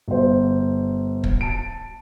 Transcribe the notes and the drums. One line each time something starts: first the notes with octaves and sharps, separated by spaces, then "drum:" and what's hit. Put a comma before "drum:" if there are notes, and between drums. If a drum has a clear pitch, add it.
G1 C5
drum: kick
A5 D7